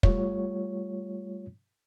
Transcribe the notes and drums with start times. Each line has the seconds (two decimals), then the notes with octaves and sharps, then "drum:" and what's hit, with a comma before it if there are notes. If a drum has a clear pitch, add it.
0.03 G3 A3 F4 C#5, drum: kick